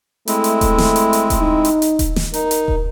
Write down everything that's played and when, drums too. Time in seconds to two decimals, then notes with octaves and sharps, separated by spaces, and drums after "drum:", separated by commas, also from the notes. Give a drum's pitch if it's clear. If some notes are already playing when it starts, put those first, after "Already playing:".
0.28 G#3 A3 C4 E4, drum: hi-hat
0.44 drum: hi-hat
0.61 drum: kick D#1, hi-hat
0.78 drum: snare
0.96 drum: hi-hat
1.13 drum: hi-hat
1.30 drum: kick D#1, hi-hat
1.40 D#4
1.65 drum: hi-hat
1.82 drum: hi-hat
1.99 drum: kick D#1, hi-hat
2.16 drum: snare
2.34 D#4 A#4, drum: hi-hat
2.51 drum: hi-hat
2.68 drum: kick D#1